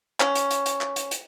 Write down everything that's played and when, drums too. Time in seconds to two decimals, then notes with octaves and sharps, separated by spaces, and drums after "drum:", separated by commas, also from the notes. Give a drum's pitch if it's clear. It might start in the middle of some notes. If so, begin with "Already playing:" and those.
0.20 C#4, drum: clap
0.35 drum: hi-hat
0.51 drum: hi-hat
0.66 drum: hi-hat
0.81 drum: clap
0.96 drum: hi-hat
1.11 drum: hi-hat